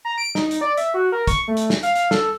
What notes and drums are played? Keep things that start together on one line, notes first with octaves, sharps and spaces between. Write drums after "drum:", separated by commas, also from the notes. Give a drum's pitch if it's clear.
A#5
D7
D#4, drum: snare
drum: hi-hat
D5
E5, drum: hi-hat
F#4
A#4
C#6, drum: kick, hi-hat
A3
drum: hi-hat
drum: snare
F5, drum: hi-hat
F5, drum: hi-hat
A4, drum: snare